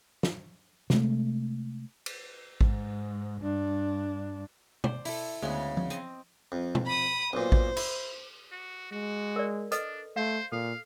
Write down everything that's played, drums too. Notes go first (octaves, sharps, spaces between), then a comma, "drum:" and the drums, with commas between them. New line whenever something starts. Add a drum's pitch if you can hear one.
drum: snare
C3 G#3 A3, drum: snare
drum: cymbal
G#2, drum: kick A1
G2 D4
C5 D5, drum: tom B2
E4 A4, drum: open hi-hat
D2 C#3 G#3 B3
drum: tom F3
C4 D#5, drum: hi-hat
F2
drum: tom B2
B5 D#6
B1 A#2 C5
drum: kick A1
E4, drum: cymbal
F#4
G#3 F#4
A#4 D5
D4 A4 B4 D#5, drum: hi-hat
A3 C5 F5
A#2 A4 F5